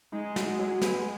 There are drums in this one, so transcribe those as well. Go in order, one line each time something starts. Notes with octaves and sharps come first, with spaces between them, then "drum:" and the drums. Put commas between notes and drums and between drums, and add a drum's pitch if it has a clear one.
G#3 D#4
F#3, drum: snare
F#3 G#3
B3, drum: snare